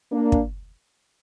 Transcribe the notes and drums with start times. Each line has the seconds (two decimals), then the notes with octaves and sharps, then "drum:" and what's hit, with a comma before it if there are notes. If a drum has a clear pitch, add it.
0.11 A#3 D4
0.32 drum: kick